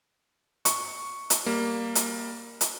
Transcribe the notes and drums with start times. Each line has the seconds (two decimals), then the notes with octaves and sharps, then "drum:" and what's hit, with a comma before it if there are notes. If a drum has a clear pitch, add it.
0.65 C#6, drum: hi-hat
1.30 drum: hi-hat
1.46 G3 A#3
1.95 drum: hi-hat
2.61 drum: hi-hat